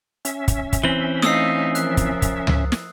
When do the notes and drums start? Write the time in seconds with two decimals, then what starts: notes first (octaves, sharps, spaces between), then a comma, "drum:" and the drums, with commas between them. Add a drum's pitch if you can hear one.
0.25 C#4 E5, drum: hi-hat
0.48 drum: kick, hi-hat
0.73 drum: kick, hi-hat
0.84 E3 C4 G7
1.22 A3 D#4 F5 D#6 E6 C7, drum: snare
1.75 F3 A#4 F#6, drum: hi-hat
1.97 drum: kick, hi-hat
2.22 drum: kick, hi-hat
2.47 drum: tom C#2
2.72 drum: snare